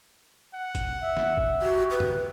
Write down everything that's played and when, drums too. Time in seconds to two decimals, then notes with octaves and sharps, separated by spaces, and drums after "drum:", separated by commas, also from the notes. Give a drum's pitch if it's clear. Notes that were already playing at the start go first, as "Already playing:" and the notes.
0.54 F#5
0.75 drum: kick, hi-hat
1.03 E5
1.17 drum: snare
1.37 drum: kick
1.62 F#4 G4
1.91 B4
2.00 drum: tom